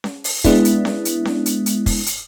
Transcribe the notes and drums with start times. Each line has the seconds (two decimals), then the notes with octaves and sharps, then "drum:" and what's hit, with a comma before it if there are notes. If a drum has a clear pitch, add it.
0.04 drum: snare C#4
0.24 drum: open hi-hat
0.44 G#3 B3 D4 E4, drum: kick, hi-hat
0.65 drum: hi-hat
0.85 drum: snare C#4
1.05 drum: hi-hat
1.25 drum: snare C#4
1.46 drum: hi-hat
1.66 drum: hi-hat
1.86 drum: kick, open hi-hat
2.06 drum: hi-hat